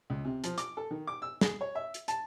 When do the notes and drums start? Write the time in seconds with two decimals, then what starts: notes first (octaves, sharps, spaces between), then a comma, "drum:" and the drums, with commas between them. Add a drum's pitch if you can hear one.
0.10 C#2
0.25 C3
0.44 F3, drum: hi-hat
0.58 D6, drum: hi-hat
0.77 A4
0.91 D#3
1.07 D6
1.22 E6
1.41 G#4, drum: snare
1.61 C#5
1.75 E5
1.94 drum: hi-hat
2.08 A5, drum: hi-hat